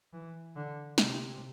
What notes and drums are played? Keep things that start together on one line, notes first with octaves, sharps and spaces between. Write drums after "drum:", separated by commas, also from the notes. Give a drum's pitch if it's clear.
E3
D3
C3, drum: snare